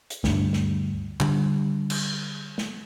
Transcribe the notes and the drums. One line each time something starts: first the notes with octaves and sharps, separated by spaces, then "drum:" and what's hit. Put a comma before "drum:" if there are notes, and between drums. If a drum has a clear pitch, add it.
drum: hi-hat
D2 G2, drum: snare
drum: snare
D3 G3, drum: clap
drum: cymbal
drum: snare